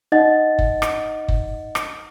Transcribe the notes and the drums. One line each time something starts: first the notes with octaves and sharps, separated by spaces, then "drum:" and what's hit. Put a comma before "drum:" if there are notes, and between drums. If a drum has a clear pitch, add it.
D#4 D#5 F#5 A6
drum: kick
drum: rim click
drum: kick
drum: rim click